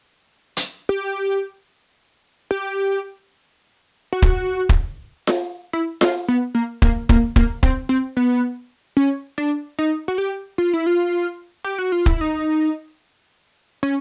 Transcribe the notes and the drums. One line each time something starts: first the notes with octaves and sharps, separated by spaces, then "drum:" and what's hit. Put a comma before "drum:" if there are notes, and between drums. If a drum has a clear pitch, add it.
drum: hi-hat
G4
G4
F#4
drum: kick
drum: kick
drum: snare F4
E4
F4, drum: snare F4
B3
A#3
A#3, drum: kick
A#3, drum: kick
A#3, drum: kick
C4, drum: kick
C4
B3
C#4
D4
D#4
F#4
G4
F4
E4
F4
G4
F#4
F4
E4, drum: kick
D#4
C#4